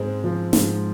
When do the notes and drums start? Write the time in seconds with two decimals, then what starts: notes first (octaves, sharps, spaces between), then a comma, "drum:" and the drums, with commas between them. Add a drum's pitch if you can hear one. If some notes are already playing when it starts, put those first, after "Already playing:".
Already playing: G#2 G#3 C4
0.24 F3
0.53 G#2, drum: snare